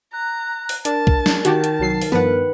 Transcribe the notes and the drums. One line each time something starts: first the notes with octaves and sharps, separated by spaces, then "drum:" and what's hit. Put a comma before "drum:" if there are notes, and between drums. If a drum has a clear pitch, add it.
A#5 F#6
drum: open hi-hat
D4 A#4 A5, drum: hi-hat
drum: kick C2
drum: snare
D#3 F#4 G4 A5, drum: hi-hat
drum: hi-hat
C2 F#3 C7
drum: open hi-hat
G2 F3 B3 B4 F#5